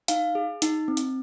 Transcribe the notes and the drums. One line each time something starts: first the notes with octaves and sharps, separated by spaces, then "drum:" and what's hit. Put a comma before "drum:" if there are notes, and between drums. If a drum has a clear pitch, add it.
D#4 F5, drum: hi-hat
G#4
D#4, drum: hi-hat
C4
drum: hi-hat